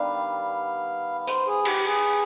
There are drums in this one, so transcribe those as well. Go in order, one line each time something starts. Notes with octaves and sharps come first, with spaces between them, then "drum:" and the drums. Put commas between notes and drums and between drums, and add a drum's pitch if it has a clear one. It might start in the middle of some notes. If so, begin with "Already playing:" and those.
Already playing: D#3 G3 B3 D4 F5
C5, drum: hi-hat
G#4
G4, drum: cymbal
G#4